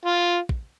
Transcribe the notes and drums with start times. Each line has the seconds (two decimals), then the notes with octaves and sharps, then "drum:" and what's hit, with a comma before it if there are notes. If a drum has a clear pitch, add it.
0.05 F4
0.49 drum: kick